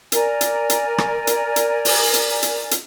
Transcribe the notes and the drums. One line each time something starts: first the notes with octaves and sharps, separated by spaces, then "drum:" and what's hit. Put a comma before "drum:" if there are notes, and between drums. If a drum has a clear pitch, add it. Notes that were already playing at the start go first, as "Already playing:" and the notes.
A#4 D5 G#5, drum: hi-hat
drum: hi-hat
drum: hi-hat
drum: rim click
drum: hi-hat
drum: hi-hat
drum: open hi-hat
drum: hi-hat
drum: hi-hat
drum: hi-hat